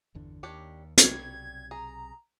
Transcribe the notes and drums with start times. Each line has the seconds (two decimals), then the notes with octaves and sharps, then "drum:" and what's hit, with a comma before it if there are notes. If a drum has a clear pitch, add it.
0.15 G1 E2 D3
0.43 D#2 D4 G4 C#5
0.98 B1 C3 F#3 G3 G#6, drum: hi-hat
1.71 G#4 A#5